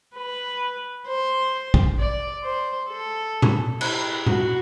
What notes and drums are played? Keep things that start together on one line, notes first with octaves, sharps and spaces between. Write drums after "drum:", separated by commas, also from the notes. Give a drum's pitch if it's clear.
B4
C5
drum: kick
D5
C5
A4
drum: tom A2
E4, drum: cymbal
F#4, drum: tom A2